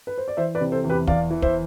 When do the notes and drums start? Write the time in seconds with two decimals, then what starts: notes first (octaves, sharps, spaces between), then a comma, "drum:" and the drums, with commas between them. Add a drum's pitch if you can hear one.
0.07 B4
0.18 C5
0.28 D5
0.37 E3 C5 E5
0.55 B4 D5
0.61 C3
0.72 A4 C5
0.84 E2
0.90 G4 B4
1.07 E2 D5 F5, drum: kick
1.30 E3
1.42 C5 E5, drum: kick